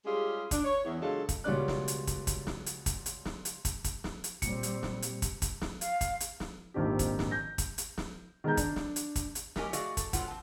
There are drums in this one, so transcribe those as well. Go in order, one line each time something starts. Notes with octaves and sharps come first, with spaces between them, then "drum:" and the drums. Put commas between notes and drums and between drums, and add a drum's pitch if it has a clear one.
G3 G#3 C#4 F4 G4 G#4
D4, drum: kick, hi-hat
C#5
E2
C#3 F#3 G#3 D4 F4 A4
drum: kick, hi-hat
C#2 B2 G3 C#4 D5 F#6
drum: snare
drum: hi-hat
drum: kick, hi-hat
drum: kick, hi-hat
drum: snare
drum: hi-hat
drum: kick, hi-hat
drum: hi-hat
drum: snare
drum: hi-hat
drum: kick, hi-hat
drum: kick, hi-hat
drum: snare
drum: hi-hat
A#2 G3 C4 C#7, drum: kick, hi-hat
drum: hi-hat
drum: snare
drum: hi-hat
drum: kick, hi-hat
drum: kick, hi-hat
drum: snare
F5, drum: hi-hat
drum: kick, hi-hat
drum: hi-hat
drum: snare
G#1 A#2 D#3 C4 D4 G4
drum: kick, hi-hat
drum: snare
G6 A#6
drum: kick, hi-hat
drum: hi-hat
drum: snare
D#3 G#3 B3 B4 A#5 G6
D4, drum: kick, hi-hat
drum: snare
drum: hi-hat
drum: kick, hi-hat
drum: hi-hat
F#3 A3 G4 A#4 D#5 G#5, drum: snare
A3 F#4 G#4 D5 D#5 F5, drum: hi-hat
A4, drum: kick, hi-hat
G2 F#3 C4 F4 F#5, drum: kick, hi-hat
C4 A5